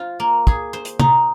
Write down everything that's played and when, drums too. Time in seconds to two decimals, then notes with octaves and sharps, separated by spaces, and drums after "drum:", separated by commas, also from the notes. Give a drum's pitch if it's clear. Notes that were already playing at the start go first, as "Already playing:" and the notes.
Already playing: F4 C5
0.20 A#3
0.47 G#4, drum: kick
0.73 C5
0.85 drum: hi-hat
1.00 D#4, drum: tom